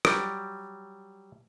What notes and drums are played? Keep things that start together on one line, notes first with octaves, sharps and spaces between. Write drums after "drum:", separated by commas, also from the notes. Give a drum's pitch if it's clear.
F#3 G3, drum: rim click